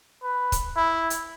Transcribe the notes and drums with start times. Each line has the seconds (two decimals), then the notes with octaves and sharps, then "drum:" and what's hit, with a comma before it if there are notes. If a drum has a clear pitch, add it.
0.23 B4
0.52 drum: kick, hi-hat
0.77 E4
1.10 drum: hi-hat